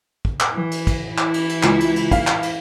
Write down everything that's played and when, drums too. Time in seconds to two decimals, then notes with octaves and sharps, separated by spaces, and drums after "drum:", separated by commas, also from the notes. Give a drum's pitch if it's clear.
0.25 drum: kick
0.40 drum: clap
0.53 E3
0.71 drum: cymbal
0.87 drum: kick, cymbal
1.07 E3 E4
1.18 drum: clap
1.34 drum: cymbal
1.49 drum: cymbal
1.63 C#2, drum: clap
1.80 drum: cymbal
1.96 drum: cymbal
2.11 F5, drum: kick, cymbal
2.27 drum: clap
2.43 drum: cymbal